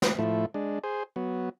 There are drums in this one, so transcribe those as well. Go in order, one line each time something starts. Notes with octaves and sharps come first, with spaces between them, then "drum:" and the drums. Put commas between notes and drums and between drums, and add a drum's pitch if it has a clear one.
B4, drum: snare
A2 F3 A3 E4
G#3 D4
G#4 C5
F#3 B3